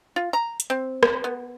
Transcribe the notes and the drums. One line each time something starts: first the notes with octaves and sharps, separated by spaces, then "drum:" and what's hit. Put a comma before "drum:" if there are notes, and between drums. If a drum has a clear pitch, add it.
F4
A#5
drum: hi-hat
C4
drum: rim click
B3